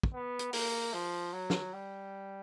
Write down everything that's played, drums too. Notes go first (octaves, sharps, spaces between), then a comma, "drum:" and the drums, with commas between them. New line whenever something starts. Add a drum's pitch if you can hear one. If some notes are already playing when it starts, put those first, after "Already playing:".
drum: kick
B3
drum: hi-hat
A#3, drum: open hi-hat
F3
F#3
drum: snare
G3